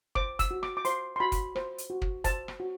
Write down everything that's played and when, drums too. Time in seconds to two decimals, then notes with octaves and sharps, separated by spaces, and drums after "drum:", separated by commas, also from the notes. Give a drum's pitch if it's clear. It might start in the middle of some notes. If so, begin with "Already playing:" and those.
0.15 C5 D6, drum: kick
0.39 E6, drum: kick, hi-hat
0.51 F#4
0.63 D6, drum: rim click
0.77 D6
0.85 C5 C6, drum: hi-hat
1.16 C6
1.20 F#4 B5
1.32 drum: kick, hi-hat
1.56 C5, drum: rim click
1.78 drum: hi-hat
1.90 F#4
2.02 drum: kick
2.24 C5 A5, drum: kick, hi-hat
2.48 drum: rim click
2.60 F#4